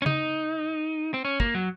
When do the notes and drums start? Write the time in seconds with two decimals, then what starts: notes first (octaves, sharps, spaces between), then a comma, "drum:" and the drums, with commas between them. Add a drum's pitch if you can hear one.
0.02 C#4
0.06 D#4, drum: tom C#3
1.14 C4
1.25 C#4
1.40 A#3, drum: kick
1.55 F#3